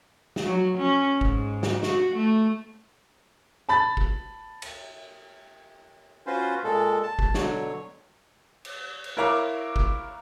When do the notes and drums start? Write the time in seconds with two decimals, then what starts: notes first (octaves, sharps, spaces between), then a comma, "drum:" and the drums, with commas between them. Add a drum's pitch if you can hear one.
0.36 drum: snare
0.46 F#3
0.78 C#4
1.21 G#2, drum: kick
1.63 drum: snare
1.83 F#4, drum: snare
2.16 A3
3.69 A5 B5 A6
3.97 drum: kick
4.62 drum: cymbal
6.27 C#4 F4 F#4 B4 C5
6.64 A#2 G#3 A4
7.03 A5
7.19 drum: kick
7.34 B2 D3 F#3 C#5, drum: snare
8.65 drum: cymbal
9.04 drum: cymbal
9.17 E4 A#4 C#5 F5 A#5 D6
9.76 drum: kick